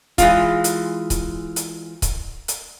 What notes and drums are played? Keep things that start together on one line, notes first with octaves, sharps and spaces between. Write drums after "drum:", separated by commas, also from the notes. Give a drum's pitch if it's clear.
E3 G#3 F4, drum: kick C#1, hi-hat
drum: hi-hat
drum: kick C#1, hi-hat
drum: hi-hat
drum: kick C#1, hi-hat
drum: hi-hat